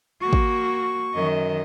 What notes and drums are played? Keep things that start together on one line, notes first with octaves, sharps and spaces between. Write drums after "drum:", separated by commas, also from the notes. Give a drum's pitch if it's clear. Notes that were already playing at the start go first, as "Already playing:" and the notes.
A#3 F#4 C#6
drum: kick
F#2 D#3 D#5